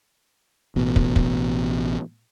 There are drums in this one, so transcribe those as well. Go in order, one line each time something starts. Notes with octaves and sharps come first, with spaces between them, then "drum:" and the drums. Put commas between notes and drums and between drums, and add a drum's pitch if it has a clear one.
A1 B2
drum: kick
drum: kick